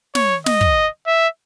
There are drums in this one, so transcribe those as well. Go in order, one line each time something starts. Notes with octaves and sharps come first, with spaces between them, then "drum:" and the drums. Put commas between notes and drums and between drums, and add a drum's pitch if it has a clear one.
C#5, drum: snare
D#5, drum: snare
drum: kick
E5